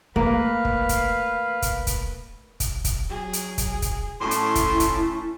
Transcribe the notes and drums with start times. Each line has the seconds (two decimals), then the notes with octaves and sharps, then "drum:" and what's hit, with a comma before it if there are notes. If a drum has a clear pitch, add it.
0.16 A3 A#3 B4 F5
0.65 drum: kick
0.89 drum: kick, hi-hat
1.62 drum: kick, hi-hat
1.87 drum: kick, hi-hat
2.60 drum: kick, hi-hat
2.84 drum: kick, hi-hat
3.10 F#3 G#4
3.33 drum: hi-hat
3.58 drum: kick, hi-hat
3.82 drum: kick, hi-hat
4.21 A2 A3 C#4 E4 C6
4.31 drum: hi-hat
4.55 drum: kick, hi-hat
4.80 drum: kick, hi-hat